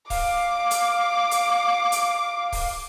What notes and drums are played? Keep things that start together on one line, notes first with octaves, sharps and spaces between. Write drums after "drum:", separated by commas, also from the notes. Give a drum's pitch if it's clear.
F5 D6, drum: kick C#1, open hi-hat
drum: hi-hat
drum: hi-hat
drum: hi-hat
drum: kick C#1, open hi-hat